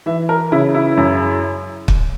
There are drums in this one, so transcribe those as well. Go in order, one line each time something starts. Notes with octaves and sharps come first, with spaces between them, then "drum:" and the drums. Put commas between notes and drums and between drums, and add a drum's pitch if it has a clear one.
E3 E5
A#4
C#3 E4
E4
F#2
drum: kick